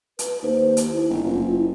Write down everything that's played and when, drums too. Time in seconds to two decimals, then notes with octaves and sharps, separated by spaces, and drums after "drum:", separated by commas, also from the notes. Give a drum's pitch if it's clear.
0.19 B4, drum: hi-hat
0.43 D#2 C5
0.77 drum: hi-hat
0.89 E4
1.09 G1
1.24 F#1 F4
1.52 E4